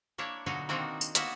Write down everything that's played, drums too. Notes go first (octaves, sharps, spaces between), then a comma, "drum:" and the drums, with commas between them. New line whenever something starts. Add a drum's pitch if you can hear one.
A#3 D4 E4 C#5
B2 D3 F#3 D#4 F#4 F5
D#3 A#3 C4 D4 D#4 F#4
drum: tambourine
A#3 B3 F#4 E5 F#5, drum: hi-hat